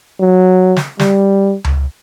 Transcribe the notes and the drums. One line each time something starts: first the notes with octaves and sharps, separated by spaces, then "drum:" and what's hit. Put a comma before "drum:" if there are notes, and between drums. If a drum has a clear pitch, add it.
F#3
drum: snare
G3, drum: snare
drum: tom C#2